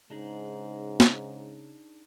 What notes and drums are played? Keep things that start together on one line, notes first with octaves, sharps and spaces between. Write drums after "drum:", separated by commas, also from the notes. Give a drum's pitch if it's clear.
G#2 C#3 D4 D#4 G#4
drum: snare